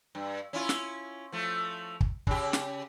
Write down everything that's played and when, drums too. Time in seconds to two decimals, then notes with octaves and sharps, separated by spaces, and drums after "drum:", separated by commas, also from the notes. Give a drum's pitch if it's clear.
0.15 G2
0.53 C#4 E4 F4
0.69 drum: snare
1.32 F3 A3
2.01 drum: kick
2.27 C#3 G4, drum: kick
2.53 drum: snare